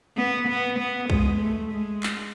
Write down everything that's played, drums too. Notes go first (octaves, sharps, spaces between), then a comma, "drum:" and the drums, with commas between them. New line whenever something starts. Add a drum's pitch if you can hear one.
B3
B3
B3
G#3, drum: kick B1
A3
G#3
drum: clap